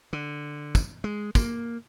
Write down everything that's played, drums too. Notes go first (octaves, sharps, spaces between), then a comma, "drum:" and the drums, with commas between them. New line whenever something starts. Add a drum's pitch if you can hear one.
D3
drum: kick, tambourine
G#3
A#3, drum: kick, tambourine